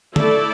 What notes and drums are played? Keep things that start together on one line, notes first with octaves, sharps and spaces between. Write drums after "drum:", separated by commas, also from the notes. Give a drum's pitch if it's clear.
A3 E4 A4 D5, drum: tom D3